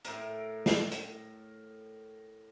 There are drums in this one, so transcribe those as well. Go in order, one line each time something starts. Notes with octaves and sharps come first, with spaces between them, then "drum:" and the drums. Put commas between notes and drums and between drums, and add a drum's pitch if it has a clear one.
A2 A#4, drum: hi-hat
drum: snare
drum: hi-hat